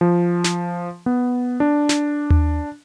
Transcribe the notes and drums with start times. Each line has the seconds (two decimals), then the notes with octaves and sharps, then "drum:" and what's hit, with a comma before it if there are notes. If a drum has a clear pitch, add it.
0.01 F3
0.44 drum: snare
1.06 B3
1.60 D4
1.89 drum: snare
2.30 drum: tom D#2